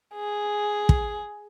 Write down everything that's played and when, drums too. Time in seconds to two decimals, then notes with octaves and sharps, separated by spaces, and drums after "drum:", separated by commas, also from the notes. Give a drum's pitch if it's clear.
0.15 G#4
0.89 drum: kick